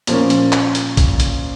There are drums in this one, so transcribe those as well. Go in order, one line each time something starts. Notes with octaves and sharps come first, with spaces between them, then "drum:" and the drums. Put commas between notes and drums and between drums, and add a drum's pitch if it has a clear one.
A#2 F3 A#3 C#4, drum: hi-hat
drum: hi-hat
drum: clap
drum: hi-hat
drum: kick A#1, hi-hat
drum: hi-hat